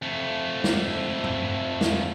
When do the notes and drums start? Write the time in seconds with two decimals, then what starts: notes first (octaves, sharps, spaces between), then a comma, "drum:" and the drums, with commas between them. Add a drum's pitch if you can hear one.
0.03 F2 A3
0.64 drum: snare
1.24 drum: tom
1.81 drum: snare